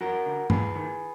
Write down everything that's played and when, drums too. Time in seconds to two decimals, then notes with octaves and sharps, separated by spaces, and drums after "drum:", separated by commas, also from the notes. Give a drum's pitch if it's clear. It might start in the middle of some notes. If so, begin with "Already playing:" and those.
0.01 F2 F#4 A#4
0.26 D3
0.50 G#2 G#4 B4, drum: tom
0.75 D#3